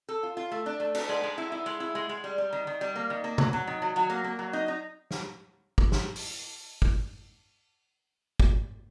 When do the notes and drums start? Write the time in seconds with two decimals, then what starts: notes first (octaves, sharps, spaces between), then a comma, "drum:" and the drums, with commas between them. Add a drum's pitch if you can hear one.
0.09 A4
0.23 F4
0.37 F4
0.52 A3
0.66 D4
0.80 A3
0.95 D4, drum: cymbal
1.09 G#3
1.24 G#3
1.38 E4
1.52 E4
1.66 G#3
1.80 E4
1.95 G#3
2.09 G#3
2.24 G3
2.38 G3
2.53 D#3
2.67 D#3
2.81 G3
2.96 A#3
3.10 D#3
3.24 A#3
3.38 F#3, drum: tom C3
3.53 F#3
3.67 D#3
3.82 F#3
3.96 F#3
4.10 A#3
4.24 A#3
4.39 F#3
4.53 D#4
4.68 D#4
5.11 drum: snare
5.78 drum: kick
5.92 drum: snare
6.16 drum: open hi-hat
6.82 drum: kick
8.40 drum: kick